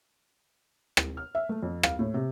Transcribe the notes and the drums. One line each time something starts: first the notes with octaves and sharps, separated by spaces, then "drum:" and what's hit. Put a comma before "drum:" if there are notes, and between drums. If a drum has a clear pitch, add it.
drum: rim click
F6
E5
A3
F2
F5, drum: rim click
A2
C3